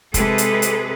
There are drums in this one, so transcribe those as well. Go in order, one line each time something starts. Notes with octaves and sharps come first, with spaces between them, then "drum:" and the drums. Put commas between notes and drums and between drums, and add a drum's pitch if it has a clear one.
C3 G#3 G#4 A4 B4, drum: kick, hi-hat
drum: hi-hat
drum: hi-hat